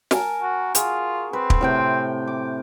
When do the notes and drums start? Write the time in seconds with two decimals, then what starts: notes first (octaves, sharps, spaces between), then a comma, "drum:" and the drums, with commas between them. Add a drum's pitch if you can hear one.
0.11 A#4 G#5 A5, drum: snare
0.42 F#4
0.75 F4 F#4 G#4, drum: hi-hat
1.33 C4 B4
1.50 drum: kick
1.61 A2 C3 G5
2.27 D6